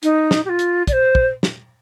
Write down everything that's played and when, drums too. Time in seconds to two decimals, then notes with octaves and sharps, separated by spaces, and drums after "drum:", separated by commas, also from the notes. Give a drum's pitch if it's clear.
0.03 D#4, drum: hi-hat
0.31 drum: snare
0.45 G4
0.49 F4
0.59 drum: hi-hat
0.87 D5, drum: kick, hi-hat
0.92 C5
1.15 drum: kick
1.43 drum: snare